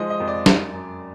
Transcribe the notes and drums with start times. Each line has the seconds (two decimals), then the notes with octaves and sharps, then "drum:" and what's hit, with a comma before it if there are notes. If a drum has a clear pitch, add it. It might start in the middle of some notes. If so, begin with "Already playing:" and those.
Already playing: F3 G#3 D#5
0.10 D#5
0.20 F2
0.28 D5
0.46 F#2, drum: snare
0.73 F#2